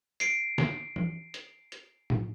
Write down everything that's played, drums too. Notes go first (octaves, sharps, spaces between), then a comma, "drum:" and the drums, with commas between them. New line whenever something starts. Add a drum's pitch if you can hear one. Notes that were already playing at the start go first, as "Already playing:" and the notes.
C7 D7, drum: hi-hat
drum: snare
drum: tom E3
drum: hi-hat
drum: hi-hat
drum: tom A2